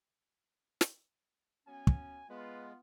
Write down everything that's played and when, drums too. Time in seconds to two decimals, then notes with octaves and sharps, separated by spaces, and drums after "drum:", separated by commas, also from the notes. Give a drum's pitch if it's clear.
0.81 drum: snare
1.67 F#3 B3 C#4 G#5
1.87 drum: kick
2.30 G#3 B3 F4 B4